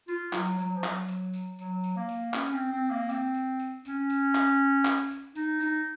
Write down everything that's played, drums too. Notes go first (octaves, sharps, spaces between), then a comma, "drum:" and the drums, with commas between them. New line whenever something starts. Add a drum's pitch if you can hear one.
F4, drum: tambourine
F#3, drum: clap
F#3, drum: tambourine
F3
F#3, drum: clap
drum: tambourine
drum: tambourine
F#3, drum: tambourine
drum: tambourine
A#3
drum: tambourine
C#4, drum: clap
C4
C4
A#3
C4, drum: tambourine
drum: tambourine
drum: tambourine
C#4, drum: tambourine
drum: tambourine
drum: clap
drum: clap
drum: tambourine
D#4, drum: tambourine
D#4, drum: tambourine